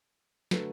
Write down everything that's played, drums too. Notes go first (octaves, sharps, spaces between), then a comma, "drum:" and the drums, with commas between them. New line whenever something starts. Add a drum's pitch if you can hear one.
D3 F#3 A3 B4, drum: snare